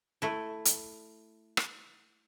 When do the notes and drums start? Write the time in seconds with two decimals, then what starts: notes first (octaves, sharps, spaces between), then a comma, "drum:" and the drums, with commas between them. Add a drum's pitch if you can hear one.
0.22 A3 E4
0.65 drum: hi-hat
1.57 drum: rim click